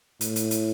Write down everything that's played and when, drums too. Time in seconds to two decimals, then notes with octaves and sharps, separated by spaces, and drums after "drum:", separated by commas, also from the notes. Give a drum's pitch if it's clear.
0.21 A2, drum: hi-hat
0.36 drum: hi-hat
0.51 drum: hi-hat